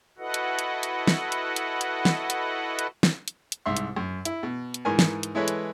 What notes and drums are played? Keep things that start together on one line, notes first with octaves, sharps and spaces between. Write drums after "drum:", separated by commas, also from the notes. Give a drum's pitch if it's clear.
E4 F#4 A4 B4 D#5 F#5
drum: hi-hat
drum: hi-hat
drum: hi-hat
drum: snare
drum: hi-hat
drum: hi-hat
drum: hi-hat
drum: snare
drum: hi-hat
drum: hi-hat
drum: snare
drum: hi-hat
drum: hi-hat
C2 G#2 E5 C6
drum: hi-hat
F#2
E4, drum: hi-hat
B2
drum: hi-hat
G#2 E3 A#4 G#5
drum: snare
drum: hi-hat
E3 G#3 E4 A4 B4 C#5
drum: hi-hat